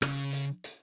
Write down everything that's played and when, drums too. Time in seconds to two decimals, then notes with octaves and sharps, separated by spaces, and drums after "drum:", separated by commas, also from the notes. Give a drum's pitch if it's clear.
0.02 C#3, drum: rim click
0.33 drum: hi-hat
0.64 drum: hi-hat